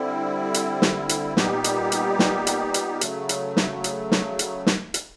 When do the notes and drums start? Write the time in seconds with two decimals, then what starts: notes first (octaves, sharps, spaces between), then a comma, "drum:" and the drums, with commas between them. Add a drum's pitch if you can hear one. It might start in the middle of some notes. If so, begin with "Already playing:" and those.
Already playing: D3 G3 C4 E4
0.54 drum: hi-hat
0.82 drum: snare
1.09 drum: hi-hat
1.37 A#2 G3 B3 D#4 G4, drum: snare
1.64 drum: hi-hat
1.92 drum: hi-hat
2.19 drum: snare
2.47 drum: hi-hat
2.74 drum: hi-hat
3.01 C#3 F#3 A3, drum: hi-hat
3.29 drum: hi-hat
3.57 drum: snare
3.84 drum: hi-hat
4.12 drum: snare
4.39 drum: hi-hat
4.66 drum: snare
4.94 drum: hi-hat